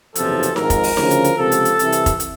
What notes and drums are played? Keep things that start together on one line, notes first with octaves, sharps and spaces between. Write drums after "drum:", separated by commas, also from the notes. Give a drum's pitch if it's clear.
F#1 E2 C3 F3 A4, drum: hi-hat
drum: hi-hat
G#1 G#2 F3 A#4, drum: snare D#4
drum: kick, hi-hat
drum: open hi-hat
D2 C#3 F3, drum: snare D#4
drum: hi-hat
drum: hi-hat
C#2 C3 F3 A4
drum: hi-hat
drum: hi-hat
C2 C3 E3, drum: hi-hat
drum: hi-hat
drum: kick, hi-hat
drum: hi-hat